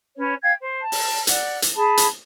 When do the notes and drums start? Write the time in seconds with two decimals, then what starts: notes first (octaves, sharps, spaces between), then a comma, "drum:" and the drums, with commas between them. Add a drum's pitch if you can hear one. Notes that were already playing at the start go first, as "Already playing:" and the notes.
0.16 C#4 B4 C#5
0.42 F5 G5 G#6
0.60 C5
0.81 A5
0.92 drum: open hi-hat
1.27 D5 F#5, drum: hi-hat
1.62 drum: hi-hat
1.76 G#4 A5 B5
1.97 drum: hi-hat